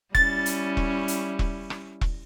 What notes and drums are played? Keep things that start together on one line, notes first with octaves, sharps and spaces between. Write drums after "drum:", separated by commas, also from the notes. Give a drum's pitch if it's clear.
G3 C#4 E4 A6, drum: kick E1
drum: hi-hat
drum: kick E1
drum: hi-hat
drum: kick E1
drum: rim click
drum: kick E1